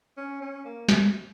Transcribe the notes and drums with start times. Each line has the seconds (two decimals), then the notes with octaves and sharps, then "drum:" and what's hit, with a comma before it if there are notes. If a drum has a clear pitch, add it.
0.17 C#4
0.41 C#4
0.65 A#3
0.89 drum: snare